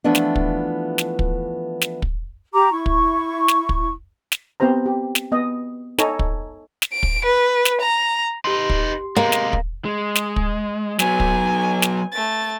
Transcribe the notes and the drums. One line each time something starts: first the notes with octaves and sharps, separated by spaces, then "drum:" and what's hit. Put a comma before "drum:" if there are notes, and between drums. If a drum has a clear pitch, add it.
E3 F3 A3 B3 D4
drum: snare
drum: kick
drum: snare
drum: kick
drum: snare
drum: kick
G4 A#5 D6
E4 C#6
drum: kick
drum: snare
drum: kick
drum: snare
B3 C4 G4 C5 A#5
G4
drum: snare
B3 D#5
D#4 A4 C#5 G#5 A#5, drum: snare
drum: kick
drum: snare
D7
drum: kick
B4
drum: snare
A#5
D#4 G4 B4 C6
drum: kick
C3 G#3 A#3
drum: snare
drum: kick
G#3
drum: snare
drum: kick
F#3 B3 G#5, drum: snare
drum: kick
drum: snare
A3 A6